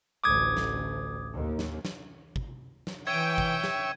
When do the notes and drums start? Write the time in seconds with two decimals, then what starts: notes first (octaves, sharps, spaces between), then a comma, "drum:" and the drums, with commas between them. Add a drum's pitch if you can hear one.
0.24 A1 D2 D6 D#6 G#6
0.57 drum: snare
1.33 D#2
1.59 drum: snare
1.85 drum: snare
2.36 drum: kick
2.87 drum: snare
3.07 E3 C#5 E5 G5 G#6 D#7
3.38 drum: kick
3.64 drum: snare